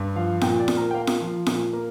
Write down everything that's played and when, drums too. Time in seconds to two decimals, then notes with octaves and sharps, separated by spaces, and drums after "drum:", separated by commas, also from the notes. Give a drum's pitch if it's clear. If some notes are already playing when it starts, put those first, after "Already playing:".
Already playing: G2
0.16 F3 F5
0.41 A#2 G5, drum: snare F4
0.60 D5
0.68 A#2, drum: snare F4
0.77 A#4
0.91 G5
0.94 A#3 F5
1.07 drum: snare F4
1.20 F3
1.46 A#2, drum: snare F4
1.73 A#3